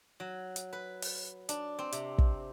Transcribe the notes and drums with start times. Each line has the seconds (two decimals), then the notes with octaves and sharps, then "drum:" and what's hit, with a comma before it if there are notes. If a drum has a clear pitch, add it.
0.20 F#3
0.56 drum: hi-hat
0.73 B4
1.02 drum: open hi-hat
1.49 D4, drum: hi-hat
1.79 C4
1.92 C3, drum: hi-hat
2.18 drum: kick